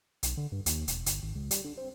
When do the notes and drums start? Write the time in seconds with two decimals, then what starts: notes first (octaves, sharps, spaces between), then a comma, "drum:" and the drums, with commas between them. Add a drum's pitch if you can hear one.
0.23 B1, drum: hi-hat
0.37 D3
0.52 G2
0.66 D#2, drum: hi-hat
0.88 E1, drum: hi-hat
1.06 G1, drum: hi-hat
1.23 G#1
1.35 C#2
1.51 G3, drum: hi-hat
1.64 D3
1.78 C4